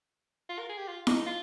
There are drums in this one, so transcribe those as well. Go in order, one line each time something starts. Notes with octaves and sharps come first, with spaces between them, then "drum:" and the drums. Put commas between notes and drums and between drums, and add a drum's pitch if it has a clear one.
F4
A#4
G#4
G4
F4
D#4, drum: snare E4
F4